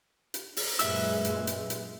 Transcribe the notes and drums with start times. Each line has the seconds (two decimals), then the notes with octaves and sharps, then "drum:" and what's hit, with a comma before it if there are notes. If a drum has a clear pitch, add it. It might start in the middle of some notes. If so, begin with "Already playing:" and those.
0.34 drum: hi-hat
0.57 drum: open hi-hat
0.79 F#2 A#2 G#3 B4 E5 E6, drum: hi-hat
1.25 drum: hi-hat
1.47 drum: hi-hat
1.70 drum: hi-hat